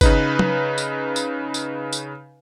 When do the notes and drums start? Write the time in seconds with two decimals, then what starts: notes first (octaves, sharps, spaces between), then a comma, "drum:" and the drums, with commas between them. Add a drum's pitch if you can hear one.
0.01 C#3 D#4 B4, drum: kick, tambourine
0.39 drum: tom
0.78 drum: tambourine
1.16 drum: tambourine
1.54 drum: tambourine
1.93 drum: tambourine